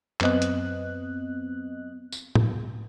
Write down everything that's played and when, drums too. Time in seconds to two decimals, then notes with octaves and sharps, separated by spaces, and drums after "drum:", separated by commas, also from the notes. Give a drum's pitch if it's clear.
0.21 F#2 B3 C4 D#5 F#6, drum: clap
0.42 drum: hi-hat
2.12 drum: tambourine
2.35 drum: tom A2